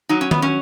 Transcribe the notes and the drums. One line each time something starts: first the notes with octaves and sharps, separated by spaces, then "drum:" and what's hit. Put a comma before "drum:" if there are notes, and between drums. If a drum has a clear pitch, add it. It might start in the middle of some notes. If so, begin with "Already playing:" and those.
F#3 D#4
C#4
B3, drum: tom D#3
C#4